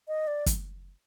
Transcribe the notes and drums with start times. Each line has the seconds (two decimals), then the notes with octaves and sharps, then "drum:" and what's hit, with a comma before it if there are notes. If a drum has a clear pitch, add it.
0.08 D#5
0.27 D5
0.46 drum: kick, hi-hat